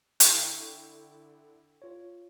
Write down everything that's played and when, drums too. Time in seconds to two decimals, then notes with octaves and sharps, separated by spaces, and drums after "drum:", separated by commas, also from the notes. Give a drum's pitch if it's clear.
0.20 D3 E4 G5 C#6, drum: hi-hat
1.82 F4 C#5